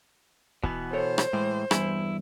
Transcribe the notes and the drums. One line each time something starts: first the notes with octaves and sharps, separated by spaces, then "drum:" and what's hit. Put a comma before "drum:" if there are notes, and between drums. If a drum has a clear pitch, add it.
B2 E3 B3, drum: kick
A4 C5 C#5
drum: rim click
A2 E3 G#3
E2 G2 E4 G#5, drum: rim click